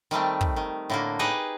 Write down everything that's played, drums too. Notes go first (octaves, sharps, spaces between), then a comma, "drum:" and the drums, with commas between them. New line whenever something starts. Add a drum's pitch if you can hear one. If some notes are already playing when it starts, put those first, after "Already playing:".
D#3 G3 A3 C4
drum: kick
D#3
A2 D3 A#3
D#4 G4 G#4 B4